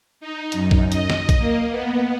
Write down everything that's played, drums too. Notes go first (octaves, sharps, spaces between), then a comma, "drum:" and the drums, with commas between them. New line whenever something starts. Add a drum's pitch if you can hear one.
D#4
F#2, drum: hi-hat
drum: kick
D#5, drum: hi-hat
drum: snare
drum: kick, hi-hat
A#3
B3